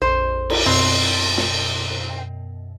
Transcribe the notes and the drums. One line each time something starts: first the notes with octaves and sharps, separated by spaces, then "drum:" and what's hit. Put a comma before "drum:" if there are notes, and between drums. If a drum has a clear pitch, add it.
A#1 F2 C5
drum: cymbal
F#2 B2 C4
drum: snare